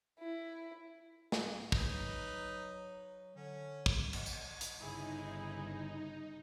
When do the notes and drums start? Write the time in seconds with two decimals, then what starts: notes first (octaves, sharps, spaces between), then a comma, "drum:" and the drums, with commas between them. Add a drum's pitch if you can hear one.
0.19 E4
1.32 G#4, drum: snare
1.72 F#3 D#4 B4, drum: kick
3.36 D3 C#4
3.86 drum: kick
4.13 drum: cymbal
4.26 drum: tambourine
4.61 drum: hi-hat
4.79 G1 C#3 D#4 E4 G#4